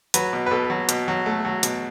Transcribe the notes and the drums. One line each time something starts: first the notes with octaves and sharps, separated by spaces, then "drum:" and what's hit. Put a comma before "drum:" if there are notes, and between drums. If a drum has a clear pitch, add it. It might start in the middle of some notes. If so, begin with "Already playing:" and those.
F#3 B4, drum: hi-hat
B2
B4
B2 A4
F#3
B2, drum: hi-hat
F#3
A3
F#3
B2, drum: hi-hat